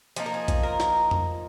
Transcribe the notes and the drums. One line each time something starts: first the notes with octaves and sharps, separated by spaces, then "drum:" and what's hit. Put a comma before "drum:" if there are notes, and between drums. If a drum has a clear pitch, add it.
F3 A#3 D#4 G#4, drum: hi-hat
A#4
G#4
drum: kick A#1, hi-hat
A#4
drum: snare
drum: tom F2